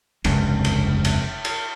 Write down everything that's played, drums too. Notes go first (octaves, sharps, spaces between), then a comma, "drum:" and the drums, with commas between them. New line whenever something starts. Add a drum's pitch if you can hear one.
F1 C#2 G2 C3, drum: cymbal
drum: cymbal
drum: cymbal
drum: cymbal